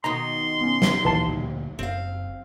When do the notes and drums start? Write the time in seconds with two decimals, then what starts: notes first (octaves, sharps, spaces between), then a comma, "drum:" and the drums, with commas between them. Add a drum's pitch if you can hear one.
0.04 B2 D#3 D#4 A#5 C6
0.61 B3 C#4
0.82 drum: snare
1.05 D#2 A#2 E3 A5 C7
1.27 D2 A#2
1.79 F#1 C4 F5